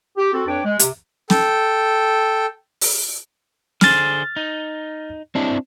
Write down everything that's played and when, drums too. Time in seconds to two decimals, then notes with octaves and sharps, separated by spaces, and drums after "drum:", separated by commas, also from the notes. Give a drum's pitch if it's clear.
0.17 G4
0.33 C4 F#4 A4
0.47 F2 D4 B4 C#5 G5 D6
0.65 G#3
0.79 C3, drum: hi-hat
1.30 A4 G5, drum: snare
2.81 drum: open hi-hat
3.81 D3 G#4 C5 F6 A6, drum: snare
4.36 D#4
5.35 C4 D4 E4